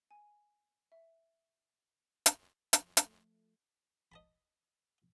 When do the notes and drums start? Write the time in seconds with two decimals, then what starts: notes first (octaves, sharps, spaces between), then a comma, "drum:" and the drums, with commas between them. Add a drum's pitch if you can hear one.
0.11 G#5
0.92 E5
2.26 drum: hi-hat
2.73 F3, drum: hi-hat
2.97 A3, drum: hi-hat
4.12 D#5 A5 B5